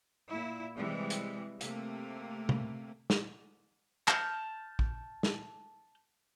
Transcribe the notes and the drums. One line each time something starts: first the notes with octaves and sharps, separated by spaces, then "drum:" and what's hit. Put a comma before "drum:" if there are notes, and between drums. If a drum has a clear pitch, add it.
A#2 E4
C3 E3 G3 G#3
drum: hi-hat
C3 A3 A#3, drum: hi-hat
drum: tom C3
drum: snare
A5 F6 G6, drum: clap
drum: kick
drum: snare